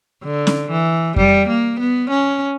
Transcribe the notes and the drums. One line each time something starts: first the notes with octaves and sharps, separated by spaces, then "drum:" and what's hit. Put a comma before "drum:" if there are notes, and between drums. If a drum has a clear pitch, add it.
D3
drum: snare C#4
E3
G3, drum: kick F2
A#3
B3
C#4